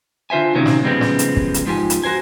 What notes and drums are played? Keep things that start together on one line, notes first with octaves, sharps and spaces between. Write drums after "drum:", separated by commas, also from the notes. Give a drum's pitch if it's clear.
D3 F4 C5 E5 G#5
C3 D#3 F#3 A#3 C4 C#4
drum: snare
F2 C#3 G3 G#3 B3 C4
drum: snare
drum: hi-hat
drum: kick
drum: hi-hat
G#2 F3 G4 G#5
drum: hi-hat
F#4 A#4 C5 G#5